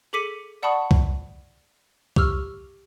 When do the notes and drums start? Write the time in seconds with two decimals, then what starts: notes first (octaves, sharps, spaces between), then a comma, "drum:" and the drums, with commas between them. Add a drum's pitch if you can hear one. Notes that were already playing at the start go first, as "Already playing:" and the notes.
0.13 G#4 A4 D6 B6 C#7 D#7
0.63 D5 F#5 A5 B5 C#6 D#6
0.91 drum: kick C2
2.16 G4 C#6 E6 F6, drum: kick C2